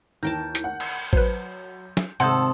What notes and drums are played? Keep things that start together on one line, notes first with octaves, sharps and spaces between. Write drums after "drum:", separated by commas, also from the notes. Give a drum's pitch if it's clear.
D#2 E3 A#4 G5 A5 G6
drum: hi-hat
F#5
drum: cymbal
F#3 B4 C5, drum: kick A1
drum: snare
G#1 C3 A4 F#5 A5 C6 D#6 G6